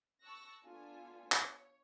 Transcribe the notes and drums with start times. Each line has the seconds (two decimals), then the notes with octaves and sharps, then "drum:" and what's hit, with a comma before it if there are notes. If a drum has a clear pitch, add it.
0.22 A5 C#6 E6 F#6 A#6
0.64 B3 D4 F4 A4 G#5
1.32 C#5, drum: clap